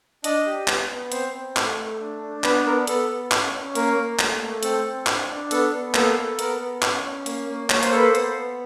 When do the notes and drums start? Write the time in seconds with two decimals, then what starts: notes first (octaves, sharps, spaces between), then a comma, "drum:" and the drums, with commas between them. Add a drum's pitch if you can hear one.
0.24 D4 D#5, drum: hi-hat
0.46 G4
0.68 B3, drum: clap
0.90 B3
1.12 C4 C5, drum: hi-hat
1.34 C4
1.57 A3, drum: clap
1.78 A3
2.00 D4
2.22 D4
2.44 B3 B4, drum: clap
2.65 B3 A#4
2.87 B3 A4, drum: hi-hat
3.10 B3
3.32 C#4, drum: clap
3.53 C#4
3.75 A#3 A#4, drum: hi-hat
3.97 A#3
4.19 A3, drum: clap
4.42 A3
4.63 C4 A4, drum: hi-hat
4.85 C4
5.07 D4, drum: clap
5.30 D4
5.51 B3 A4, drum: hi-hat
5.72 B3
5.94 A#3 A4, drum: clap
6.17 A4
6.39 B3 A#4, drum: hi-hat
6.60 B3
6.82 C#4, drum: clap
7.04 C#4
7.26 A#3, drum: hi-hat
7.49 A#3
7.70 A#3 C#5, drum: clap
7.83 C5, drum: hi-hat
7.92 A4 B4
8.09 C5
8.15 B3, drum: hi-hat
8.36 B3